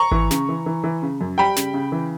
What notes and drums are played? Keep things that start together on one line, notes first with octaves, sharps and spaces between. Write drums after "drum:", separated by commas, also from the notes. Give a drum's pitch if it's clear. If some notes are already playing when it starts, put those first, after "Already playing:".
Already playing: A#5 C#6
E3, drum: kick G#1
C#3, drum: snare
E3
E3
E3
C#3
F#2
G3 G5 B5
C#3, drum: snare
C#3
E3